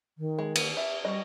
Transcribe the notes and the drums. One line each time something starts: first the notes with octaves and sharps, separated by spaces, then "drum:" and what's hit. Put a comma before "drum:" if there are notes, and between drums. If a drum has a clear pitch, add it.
D#3
G#3
A#3, drum: cymbal
E5
G3 F#4 D#5